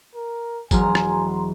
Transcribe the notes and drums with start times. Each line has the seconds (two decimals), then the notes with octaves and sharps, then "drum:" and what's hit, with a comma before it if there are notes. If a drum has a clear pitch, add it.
0.15 A#4
0.71 E1 F#3 G#5 A#5 C6 F6, drum: kick, tambourine
0.95 drum: rim click